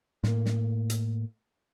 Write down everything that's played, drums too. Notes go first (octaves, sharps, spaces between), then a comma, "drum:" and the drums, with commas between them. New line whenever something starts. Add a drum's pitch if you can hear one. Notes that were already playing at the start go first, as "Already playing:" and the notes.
A2 A#3, drum: snare
drum: snare
drum: hi-hat